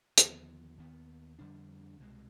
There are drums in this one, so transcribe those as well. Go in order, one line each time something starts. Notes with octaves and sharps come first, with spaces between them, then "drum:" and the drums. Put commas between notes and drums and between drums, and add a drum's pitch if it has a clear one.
D#2 D3 F3 B3, drum: hi-hat
D#2 D#3 B3
F2 D3 G3 D4
C2 B2 G#3